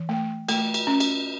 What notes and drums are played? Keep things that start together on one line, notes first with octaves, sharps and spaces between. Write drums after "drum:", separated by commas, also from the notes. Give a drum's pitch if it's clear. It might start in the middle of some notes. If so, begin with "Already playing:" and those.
Already playing: E3
A3
A3, drum: cymbal
drum: cymbal
C#4
drum: cymbal